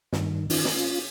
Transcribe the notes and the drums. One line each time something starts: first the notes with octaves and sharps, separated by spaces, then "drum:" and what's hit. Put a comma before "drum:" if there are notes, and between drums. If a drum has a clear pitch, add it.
G2 D#3, drum: snare
D#3 C#4 D#4 F4, drum: open hi-hat
drum: snare
C#4 F4